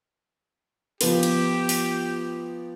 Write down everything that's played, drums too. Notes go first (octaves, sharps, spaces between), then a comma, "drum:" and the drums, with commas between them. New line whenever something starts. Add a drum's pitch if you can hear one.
F3 B3 G4, drum: open hi-hat
drum: cymbal
drum: open hi-hat